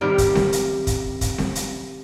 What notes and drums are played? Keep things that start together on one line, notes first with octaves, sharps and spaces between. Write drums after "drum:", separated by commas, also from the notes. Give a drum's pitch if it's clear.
C3 D#3 G3 A#4
drum: kick, hi-hat
drum: snare C4
drum: hi-hat
drum: kick, hi-hat
drum: kick, hi-hat
drum: snare C4
drum: hi-hat